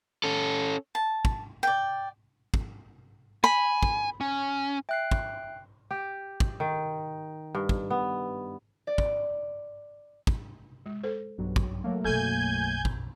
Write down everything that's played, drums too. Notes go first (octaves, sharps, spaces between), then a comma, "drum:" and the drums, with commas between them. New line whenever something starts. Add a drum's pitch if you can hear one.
C#4 A4
A5
drum: kick
D5 G5
drum: kick
G#5 B5
drum: kick
C#4
E5 G5 F#6 C7
drum: kick
G4
drum: kick
D#3
G2
drum: kick
B3
D5
drum: kick
drum: kick
G#3
A4 C5
B1 G2 F#3
drum: kick
F#3 A3 A#3
B1 F#2 A4 G#5 G6 G#6
drum: kick